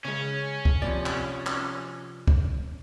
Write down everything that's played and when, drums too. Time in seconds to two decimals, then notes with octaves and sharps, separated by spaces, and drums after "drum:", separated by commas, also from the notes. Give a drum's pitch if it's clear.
0.05 C#3 G#3 C#4
0.65 drum: kick C#2
0.82 C3 F3 D5
1.06 drum: clap
1.46 drum: clap
2.28 drum: kick C#2